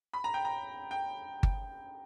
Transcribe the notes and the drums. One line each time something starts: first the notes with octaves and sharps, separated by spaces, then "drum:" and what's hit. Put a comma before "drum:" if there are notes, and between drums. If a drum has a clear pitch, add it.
B5
A#5
G5
A#5
G5
drum: kick G1